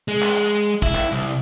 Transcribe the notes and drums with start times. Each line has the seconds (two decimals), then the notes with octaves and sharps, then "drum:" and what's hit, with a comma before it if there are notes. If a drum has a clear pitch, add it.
0.08 G#3
0.22 drum: clap
0.82 E4, drum: kick
0.95 drum: clap
1.12 C2